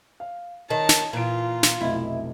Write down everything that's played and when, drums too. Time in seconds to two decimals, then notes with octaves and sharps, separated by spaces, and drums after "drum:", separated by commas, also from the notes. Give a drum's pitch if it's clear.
0.20 F5
0.70 D#3 C#5 D#5 A5
0.89 drum: snare
1.13 A#2 E3 F4 D7
1.63 drum: snare
1.81 F1 B1 E4